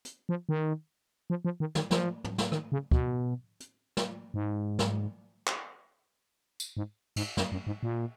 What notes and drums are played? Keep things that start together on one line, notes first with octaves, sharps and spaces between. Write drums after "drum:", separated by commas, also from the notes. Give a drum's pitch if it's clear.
drum: hi-hat
F3
D#3
F3
F3
D#3
D#3, drum: snare
F3, drum: snare
drum: tom
drum: snare
D#3, drum: rim click
C#3
B2, drum: kick
drum: hi-hat
drum: snare
G#2
drum: snare
drum: clap
drum: tambourine
G#2
G#2, drum: cymbal
F#2, drum: snare
F#2
G#2
A#2